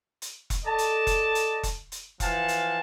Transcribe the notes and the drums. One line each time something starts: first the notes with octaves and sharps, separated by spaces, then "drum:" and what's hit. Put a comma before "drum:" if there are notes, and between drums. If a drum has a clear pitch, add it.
drum: hi-hat
drum: kick E1, hi-hat
A4 D5 D#5 A5
drum: hi-hat
drum: kick E1, hi-hat
drum: hi-hat
drum: kick E1, hi-hat
drum: hi-hat
E3 F3 F5 F#5 G#5 A5, drum: kick E1, hi-hat
drum: hi-hat